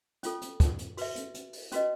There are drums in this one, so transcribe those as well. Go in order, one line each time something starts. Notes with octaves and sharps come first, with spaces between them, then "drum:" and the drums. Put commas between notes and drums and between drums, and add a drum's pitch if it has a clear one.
C#4 F4 A4, drum: hi-hat
drum: hi-hat
drum: kick, hi-hat
drum: hi-hat
F#4 B4 E5, drum: open hi-hat
drum: hi-hat
drum: hi-hat
drum: open hi-hat
C#4 F#4 B4 D#5, drum: hi-hat